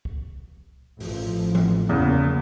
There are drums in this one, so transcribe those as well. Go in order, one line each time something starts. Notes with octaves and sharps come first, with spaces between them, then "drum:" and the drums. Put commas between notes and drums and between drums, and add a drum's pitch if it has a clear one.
drum: kick
A1 F3, drum: open hi-hat
drum: tom E3
E2 C#3 F3 A#3